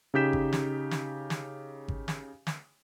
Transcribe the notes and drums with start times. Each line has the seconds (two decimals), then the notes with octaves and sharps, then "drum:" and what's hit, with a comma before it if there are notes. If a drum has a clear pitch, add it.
0.14 C#3 D#4 G4 G6 B6 E7
0.33 drum: kick G#1
0.53 drum: snare
0.91 drum: snare
1.30 drum: snare
1.88 drum: kick G#1
2.08 drum: snare
2.47 drum: snare